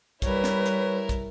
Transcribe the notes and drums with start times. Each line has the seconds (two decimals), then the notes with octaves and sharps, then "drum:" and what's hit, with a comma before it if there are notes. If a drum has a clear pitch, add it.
0.22 G3 E4 A#4 B4 C#5, drum: kick, hi-hat
0.44 drum: snare
0.66 drum: hi-hat
1.09 drum: kick, hi-hat